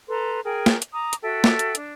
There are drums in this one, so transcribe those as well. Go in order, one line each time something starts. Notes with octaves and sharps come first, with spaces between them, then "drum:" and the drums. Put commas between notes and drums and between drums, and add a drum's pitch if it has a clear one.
A4 B4 A#5 C6
G#4 A#4 G5 G#5
drum: snare
drum: hi-hat
A#5 D6 D#6
drum: hi-hat
F#4 A4 E5 G5
drum: snare
drum: hi-hat
D4, drum: hi-hat